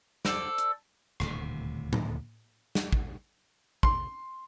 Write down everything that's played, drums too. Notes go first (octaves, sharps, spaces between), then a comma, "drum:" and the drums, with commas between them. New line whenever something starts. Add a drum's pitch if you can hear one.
A4 C5 D5, drum: snare
drum: hi-hat
D#1 D2 A2 C3, drum: rim click
drum: tom A2
drum: snare
drum: kick
C6, drum: kick